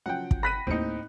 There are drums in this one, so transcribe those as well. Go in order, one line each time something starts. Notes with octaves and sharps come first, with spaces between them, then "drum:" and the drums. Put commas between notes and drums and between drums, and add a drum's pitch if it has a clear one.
C#3 F3 F#3 F#5 G5
drum: kick
B5 F#6 A#6 B6 D#7
D#2 A2 A3 C4 D#4 C#7